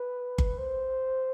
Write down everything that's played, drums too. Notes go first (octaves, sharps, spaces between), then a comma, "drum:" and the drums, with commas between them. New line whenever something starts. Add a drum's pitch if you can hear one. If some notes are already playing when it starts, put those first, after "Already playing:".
Already playing: B4
drum: kick G1
C5